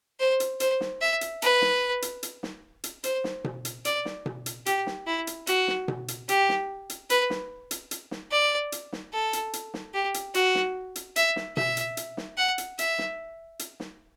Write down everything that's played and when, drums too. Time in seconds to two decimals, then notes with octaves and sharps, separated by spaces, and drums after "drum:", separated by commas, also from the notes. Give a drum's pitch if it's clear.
0.20 C5
0.40 drum: hi-hat
0.60 C5, drum: hi-hat
0.81 drum: snare
1.01 E5
1.21 drum: hi-hat
1.42 B4, drum: hi-hat
1.62 drum: snare
2.02 drum: hi-hat
2.23 drum: hi-hat
2.43 drum: snare
2.84 drum: hi-hat
3.04 C5, drum: hi-hat
3.24 drum: snare
3.44 drum: tom B2
3.65 drum: hi-hat
3.85 D5, drum: hi-hat
4.05 drum: snare
4.26 drum: tom B2
4.46 drum: hi-hat
4.66 G4, drum: hi-hat
4.87 drum: snare
5.07 E4
5.27 drum: hi-hat
5.47 F#4, drum: hi-hat
5.68 drum: snare
5.88 drum: tom B2
6.08 drum: hi-hat
6.29 G4, drum: hi-hat
6.49 drum: snare
6.90 drum: hi-hat
7.10 B4, drum: hi-hat
7.30 drum: snare
7.71 drum: hi-hat
7.91 drum: hi-hat
8.11 drum: snare
8.32 D5
8.72 drum: hi-hat
8.93 drum: snare
9.13 A4
9.33 drum: hi-hat
9.53 drum: hi-hat
9.74 drum: snare
9.94 G4
10.14 drum: hi-hat
10.34 F#4, drum: hi-hat
10.55 drum: snare
10.96 drum: hi-hat
11.16 E5, drum: hi-hat
11.36 drum: snare
11.57 E5, drum: tom B2
11.77 drum: hi-hat
11.97 drum: hi-hat
12.17 drum: snare
12.38 F#5
12.58 drum: hi-hat
12.79 E5, drum: hi-hat
12.99 drum: snare
13.59 drum: hi-hat
13.80 drum: snare